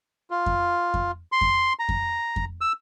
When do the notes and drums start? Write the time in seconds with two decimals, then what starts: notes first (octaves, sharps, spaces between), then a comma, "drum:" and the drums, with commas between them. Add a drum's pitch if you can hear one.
0.31 F4
0.46 drum: kick F2
0.94 drum: kick F2
1.32 C6
1.41 drum: kick F2
1.79 A#5
1.89 drum: kick F2
2.36 drum: kick F2
2.61 E6